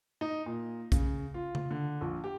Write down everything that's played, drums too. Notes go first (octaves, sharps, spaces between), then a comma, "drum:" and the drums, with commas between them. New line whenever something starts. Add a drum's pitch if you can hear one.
D#4
A#2
C#3, drum: kick A#1, hi-hat
F4
drum: tom C#3
D3
A#1
G4